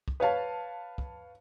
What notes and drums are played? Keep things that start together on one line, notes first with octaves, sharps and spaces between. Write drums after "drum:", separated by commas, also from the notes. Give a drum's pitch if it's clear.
drum: kick
B4 C#5 F5 A5
drum: kick